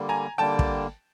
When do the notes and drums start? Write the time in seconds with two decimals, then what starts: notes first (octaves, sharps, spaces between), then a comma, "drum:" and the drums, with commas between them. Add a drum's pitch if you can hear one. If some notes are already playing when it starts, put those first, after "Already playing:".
Already playing: D3 G3 A#3
0.09 G#5 A#5
0.38 D3 G3 A#3 G5 A5
0.59 drum: kick